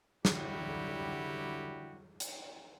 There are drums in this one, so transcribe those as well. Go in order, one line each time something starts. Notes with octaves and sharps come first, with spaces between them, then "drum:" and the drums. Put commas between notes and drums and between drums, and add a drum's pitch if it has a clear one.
D3 F#3 G3 E4 F#4 G4, drum: snare
drum: hi-hat